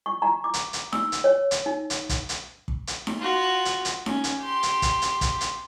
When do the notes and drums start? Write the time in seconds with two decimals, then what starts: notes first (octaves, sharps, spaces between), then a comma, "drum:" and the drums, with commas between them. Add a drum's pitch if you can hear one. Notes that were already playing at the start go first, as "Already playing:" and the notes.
0.06 C#6
0.22 A#5
0.44 D6
0.54 drum: hi-hat
0.73 drum: hi-hat
0.93 E6, drum: snare D#4
1.12 drum: hi-hat
1.24 C#5
1.51 drum: hi-hat
1.66 D#4
1.90 drum: hi-hat
2.09 drum: kick, hi-hat
2.29 drum: hi-hat
2.68 drum: kick
2.87 drum: hi-hat
3.07 drum: snare D#4
3.18 F4 F#4
3.65 drum: hi-hat
3.85 drum: hi-hat
4.06 C#4, drum: snare D#4
4.24 drum: hi-hat
4.39 G4 C6
4.63 drum: hi-hat
4.82 drum: kick, hi-hat
5.02 drum: hi-hat
5.21 drum: kick, hi-hat
5.41 drum: hi-hat